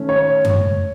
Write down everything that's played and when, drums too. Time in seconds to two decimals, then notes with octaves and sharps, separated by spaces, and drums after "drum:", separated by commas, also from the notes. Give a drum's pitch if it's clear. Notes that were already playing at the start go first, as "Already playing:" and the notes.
Already playing: D#3 A3 C#4
0.09 C#5
0.45 drum: tom F#2